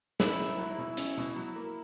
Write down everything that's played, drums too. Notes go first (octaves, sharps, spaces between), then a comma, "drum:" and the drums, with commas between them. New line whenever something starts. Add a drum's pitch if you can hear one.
C#4 E4, drum: snare
A#3
F#3
B2
C#4, drum: hi-hat
B2
F#3
A#3